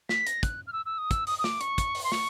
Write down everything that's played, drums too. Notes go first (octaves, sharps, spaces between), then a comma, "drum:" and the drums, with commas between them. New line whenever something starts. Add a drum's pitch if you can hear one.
B6, drum: snare
A#6, drum: hi-hat
F#6, drum: kick, hi-hat
F6
E6
E6
D#6
E6, drum: kick, hi-hat
D#6, drum: open hi-hat
D#6
D6, drum: snare
C#6, drum: hi-hat
drum: kick, hi-hat
drum: open hi-hat
C6
C#6, drum: snare